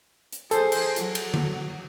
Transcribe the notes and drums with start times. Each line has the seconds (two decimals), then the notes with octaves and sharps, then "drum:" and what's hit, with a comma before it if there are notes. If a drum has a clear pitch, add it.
0.32 drum: hi-hat
0.51 G#4 A4 C5, drum: hi-hat
0.72 drum: cymbal
0.96 F#3, drum: hi-hat
1.15 drum: cymbal
1.34 drum: tom D3